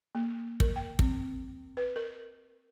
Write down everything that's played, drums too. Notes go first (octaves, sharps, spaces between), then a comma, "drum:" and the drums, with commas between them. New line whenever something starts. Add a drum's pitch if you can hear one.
A#3
A#4, drum: kick
G5
C4, drum: kick
B4
A#4